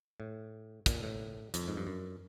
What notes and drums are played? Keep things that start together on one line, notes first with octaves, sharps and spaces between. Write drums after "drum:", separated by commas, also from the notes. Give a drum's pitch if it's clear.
A2
A#2, drum: kick, hi-hat
A2
F2, drum: hi-hat
G#2
G2
F#2